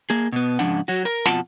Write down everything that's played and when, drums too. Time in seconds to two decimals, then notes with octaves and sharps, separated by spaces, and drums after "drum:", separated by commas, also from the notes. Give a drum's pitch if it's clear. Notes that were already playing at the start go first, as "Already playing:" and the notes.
0.10 A#3 G#4
0.32 B2 B3
0.59 G#2 C#3 F3 D4 F#5, drum: hi-hat
0.88 F#3 F#4
1.05 A#4, drum: hi-hat
1.26 F2 B2 F4 F#5 A5, drum: snare